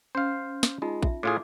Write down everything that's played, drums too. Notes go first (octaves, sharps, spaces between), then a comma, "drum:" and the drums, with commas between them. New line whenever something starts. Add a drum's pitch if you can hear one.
C#4 C5 F5
drum: snare
G#3 D#4 F4
E5, drum: kick A#1
A2 F4 G#4 D6